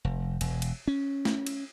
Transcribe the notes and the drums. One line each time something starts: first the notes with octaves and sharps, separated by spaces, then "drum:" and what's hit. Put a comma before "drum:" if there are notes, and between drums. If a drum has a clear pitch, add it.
F1
E1, drum: cymbal
drum: cymbal
C#4
drum: snare
drum: cymbal